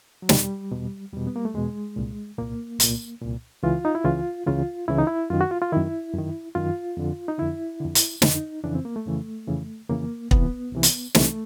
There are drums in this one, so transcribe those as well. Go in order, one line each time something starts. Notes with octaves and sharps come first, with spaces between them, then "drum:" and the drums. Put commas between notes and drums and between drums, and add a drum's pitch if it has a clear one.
F#3
E2 B2 G3, drum: snare
E2 B2
E2 B2 G3
B3
A#3
A3
E2 B2 G#3
C2 A#2
C2 A#2 A#3
C2 A#2, drum: hi-hat
C2 A#2
C#2 C#3 E3 F4
D#4
E4
C#2 C#3 E3 F4
C#2 C#3 E3 F4
C#2 C#3 E3 E4
D#4
E4
F#2 D#3 F4
F#4
F4
F4
F#2 D#3 E4
F#2 D#3
F#2 D#3 F4
F2 D3
D#4
F2 D3 E4
F2 D3
drum: hi-hat
F2 D3 D#4, drum: snare
F2 C#3 E3 D4
C4
A#3
A3
F2 C#3 E3
F2 C#3 E3
F2 C#3 E3 A#3
C2 C3 E3 B3, drum: kick
C2 C3 E3
drum: hi-hat
C2 C3 E3 A3, drum: snare